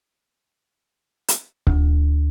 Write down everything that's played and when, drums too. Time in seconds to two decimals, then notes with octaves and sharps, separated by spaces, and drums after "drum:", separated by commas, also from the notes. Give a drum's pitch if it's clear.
1.28 drum: hi-hat
1.67 D2, drum: kick C#1